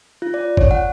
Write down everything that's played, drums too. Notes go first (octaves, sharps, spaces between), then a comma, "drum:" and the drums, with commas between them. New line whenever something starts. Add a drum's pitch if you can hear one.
F4
D5
C#5, drum: kick G1
F#5